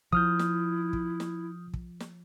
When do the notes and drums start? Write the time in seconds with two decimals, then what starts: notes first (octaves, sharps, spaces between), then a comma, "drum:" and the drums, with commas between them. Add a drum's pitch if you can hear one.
0.13 F3 E4 D#6 F6 G6, drum: kick
0.39 drum: snare
0.93 drum: kick
1.20 drum: snare
1.74 drum: kick
2.00 drum: snare